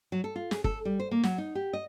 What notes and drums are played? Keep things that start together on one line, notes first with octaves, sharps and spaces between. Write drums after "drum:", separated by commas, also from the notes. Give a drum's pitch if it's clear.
F#3
A4
F4
G#4, drum: snare
A4, drum: kick
G3
C5
A#3
F#3, drum: snare
D#4
G4
D#5